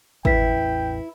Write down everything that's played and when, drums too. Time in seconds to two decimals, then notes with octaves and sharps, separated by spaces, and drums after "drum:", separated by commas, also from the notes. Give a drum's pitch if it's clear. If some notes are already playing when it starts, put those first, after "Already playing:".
0.25 A1 E2 E4 B4 G5 B6, drum: kick